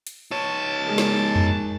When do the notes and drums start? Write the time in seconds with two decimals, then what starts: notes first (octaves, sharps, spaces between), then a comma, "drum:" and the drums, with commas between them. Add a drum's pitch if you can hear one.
0.07 drum: hi-hat
0.31 D#4 C#5 A5
0.86 G#3 G#4 A#4
0.98 drum: snare
1.36 drum: tom F2